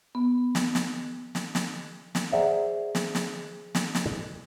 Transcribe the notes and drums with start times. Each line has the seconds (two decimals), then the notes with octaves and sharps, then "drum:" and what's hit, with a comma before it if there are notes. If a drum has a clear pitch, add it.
0.15 B3
0.55 drum: snare
0.75 drum: snare
1.35 drum: snare
1.55 drum: snare
2.15 drum: snare
2.31 G#4 C5 D5 E5 F#5 A#5
2.95 drum: snare
3.15 drum: snare
3.75 drum: snare
3.95 drum: snare